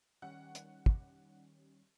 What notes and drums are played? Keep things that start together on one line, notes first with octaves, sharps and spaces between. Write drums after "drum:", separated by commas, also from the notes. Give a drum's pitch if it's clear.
D#3 G3 C#4 F#5
drum: hi-hat
drum: kick